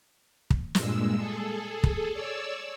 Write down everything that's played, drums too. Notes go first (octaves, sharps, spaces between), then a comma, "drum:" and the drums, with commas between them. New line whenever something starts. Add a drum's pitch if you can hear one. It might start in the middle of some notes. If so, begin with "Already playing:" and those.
drum: kick
G2 A#2 G#3 E6, drum: snare
G#4 A4
drum: kick
C#5 D5 E6